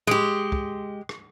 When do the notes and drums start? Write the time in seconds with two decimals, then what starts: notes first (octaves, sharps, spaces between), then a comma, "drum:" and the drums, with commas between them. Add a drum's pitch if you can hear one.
0.07 G#3 G4, drum: tom A2
0.52 drum: kick
1.09 drum: rim click